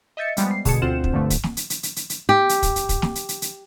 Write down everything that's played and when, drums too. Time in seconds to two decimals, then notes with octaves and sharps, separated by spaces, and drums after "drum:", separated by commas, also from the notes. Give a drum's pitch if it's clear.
0.17 D#5 E5 G6 A6 C#7
0.37 F3 G3 G#3 B3, drum: hi-hat
0.51 C7
0.65 B2 D3 G#4 A5 C#7, drum: kick, open hi-hat
0.82 D2 C4 F4 C5 F#5 E7
1.04 drum: kick
1.13 G2 D3 F3 A3
1.30 drum: kick, hi-hat
1.44 drum: snare
1.57 drum: hi-hat
1.70 drum: hi-hat
1.83 drum: hi-hat
1.96 drum: hi-hat
2.10 drum: hi-hat
2.29 G4
2.49 drum: hi-hat
2.63 drum: kick, hi-hat
2.76 drum: hi-hat
2.89 drum: kick, hi-hat
3.02 drum: snare
3.15 drum: hi-hat
3.29 drum: hi-hat
3.42 drum: hi-hat